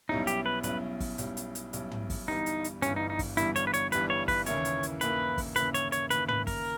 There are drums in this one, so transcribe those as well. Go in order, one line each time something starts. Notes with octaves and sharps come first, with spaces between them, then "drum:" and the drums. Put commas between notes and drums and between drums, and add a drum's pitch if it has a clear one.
B1 B2 G3 C#4 D#4 E4
G4, drum: hi-hat
B4
B1 B2 G3 C#4 E4 B4, drum: hi-hat
drum: kick, open hi-hat
B1 B2 G3 C#4 E4, drum: hi-hat
drum: hi-hat
drum: hi-hat
B1 B2 G3 C#4 E4, drum: hi-hat
drum: tom
drum: kick, open hi-hat
G1 G2 E3 G3 B3 D#4
drum: hi-hat
drum: hi-hat
G1 G2 E3 G3 B3 C#4, drum: hi-hat
D#4
D#4
drum: kick, open hi-hat
G1 G2 E3 G3 B3 E4, drum: hi-hat
C#5, drum: hi-hat
B4
C#5, drum: hi-hat
G1 G2 E3 G3 B3 B4, drum: hi-hat
C#5
B4, drum: kick, open hi-hat
D#2 C#3 E3 A#3 E4 C#5, drum: hi-hat
drum: hi-hat
drum: hi-hat
D#2 C#3 E3 A#3 E4 B4, drum: hi-hat
drum: kick, open hi-hat
D#2 C#3 E3 A#3 E4 B4, drum: hi-hat
C#5, drum: hi-hat
C#5, drum: hi-hat
D#2 C#3 E3 A#3 E4 B4, drum: hi-hat
B4, drum: tom
A#4, drum: kick, open hi-hat